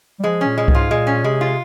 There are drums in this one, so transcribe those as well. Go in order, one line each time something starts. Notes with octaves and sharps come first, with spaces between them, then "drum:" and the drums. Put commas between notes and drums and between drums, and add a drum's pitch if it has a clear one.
G3
F3 G#3
C#4
A#2
G#3
G#2, drum: kick C2
F4
A#2 G#3
C#4
C3 G#3
F4